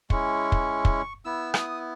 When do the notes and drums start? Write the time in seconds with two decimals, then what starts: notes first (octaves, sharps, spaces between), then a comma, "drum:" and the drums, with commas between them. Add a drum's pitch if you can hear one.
0.10 G#3 C#4 E4 C#6, drum: kick
0.52 drum: kick
0.85 drum: kick
1.25 B3 E4 E6
1.54 D#6, drum: rim click